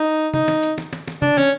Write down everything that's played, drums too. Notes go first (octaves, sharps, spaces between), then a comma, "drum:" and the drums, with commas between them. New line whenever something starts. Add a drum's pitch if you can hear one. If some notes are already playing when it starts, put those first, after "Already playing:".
Already playing: D#4
D#4, drum: tom
drum: snare
drum: hi-hat
drum: snare
drum: snare
drum: snare
D4, drum: tom
C#4, drum: snare